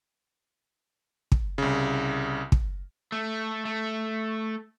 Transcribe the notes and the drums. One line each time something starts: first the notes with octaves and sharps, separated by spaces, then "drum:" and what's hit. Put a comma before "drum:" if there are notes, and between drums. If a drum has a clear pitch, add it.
drum: kick
C2 C#3
drum: kick
A3
A3